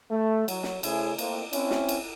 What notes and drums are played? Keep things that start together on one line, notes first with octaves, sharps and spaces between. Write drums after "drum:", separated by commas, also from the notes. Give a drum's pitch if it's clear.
A3
F#3, drum: cymbal
drum: snare
C#3 A3 C#4 E4 G#4 C5, drum: cymbal
A3 A#3 C4, drum: cymbal
C4 C#4 E4, drum: cymbal
drum: snare
drum: cymbal